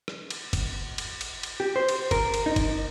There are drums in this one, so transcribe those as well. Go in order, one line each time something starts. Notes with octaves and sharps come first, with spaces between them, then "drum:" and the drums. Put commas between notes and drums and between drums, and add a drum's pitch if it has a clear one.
drum: rim click
drum: cymbal
drum: kick, cymbal
drum: cymbal
drum: cymbal
drum: cymbal
G4
C5
drum: cymbal
A#4, drum: kick, cymbal
drum: cymbal
D#4
drum: kick, cymbal